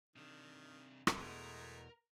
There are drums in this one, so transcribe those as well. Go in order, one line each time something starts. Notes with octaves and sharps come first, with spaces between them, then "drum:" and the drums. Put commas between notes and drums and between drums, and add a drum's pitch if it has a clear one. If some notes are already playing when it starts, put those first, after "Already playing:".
C3 D#3 D4
drum: rim click
E2 B2 G#3 A3 A#4